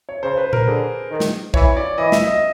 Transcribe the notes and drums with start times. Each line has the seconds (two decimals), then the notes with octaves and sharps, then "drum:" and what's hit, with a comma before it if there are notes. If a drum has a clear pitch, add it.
0.09 C#5
0.23 C#3 C5
0.38 B4
0.53 A#4, drum: tom A#2
0.67 D3 G#4
1.11 D#3
1.20 drum: snare
1.54 E3 C#5, drum: kick B1
1.76 D5
1.98 E3 D#5
2.12 E5, drum: snare
2.27 D#5